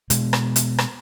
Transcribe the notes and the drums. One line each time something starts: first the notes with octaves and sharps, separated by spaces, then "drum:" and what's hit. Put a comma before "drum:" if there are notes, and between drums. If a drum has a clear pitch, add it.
B2 G#3, drum: hi-hat
drum: rim click
drum: hi-hat
drum: rim click